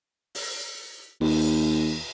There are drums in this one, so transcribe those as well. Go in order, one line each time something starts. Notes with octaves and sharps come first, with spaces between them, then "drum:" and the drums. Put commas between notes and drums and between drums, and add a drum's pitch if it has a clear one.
drum: open hi-hat
D#2, drum: cymbal